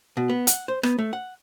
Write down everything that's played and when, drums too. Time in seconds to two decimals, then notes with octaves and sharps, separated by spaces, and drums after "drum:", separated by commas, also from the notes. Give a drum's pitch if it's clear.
0.17 B2
0.29 B3
0.47 F#5, drum: hi-hat
0.68 C5
0.83 B3, drum: rim click
0.98 A3
1.13 F#5